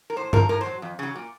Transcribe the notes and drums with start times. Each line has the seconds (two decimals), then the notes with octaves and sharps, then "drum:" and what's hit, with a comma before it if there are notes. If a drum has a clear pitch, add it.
0.10 A#4
0.16 A2 C5
0.33 F3 A#4, drum: tom G2
0.49 A2 A#4
0.61 C5
0.66 F#3
0.82 F2
0.99 C#3 F#3
1.16 A#2